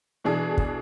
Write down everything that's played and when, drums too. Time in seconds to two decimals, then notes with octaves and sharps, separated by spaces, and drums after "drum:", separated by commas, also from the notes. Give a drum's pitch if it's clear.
0.24 B2 E3 D4 G#4 A4
0.58 drum: kick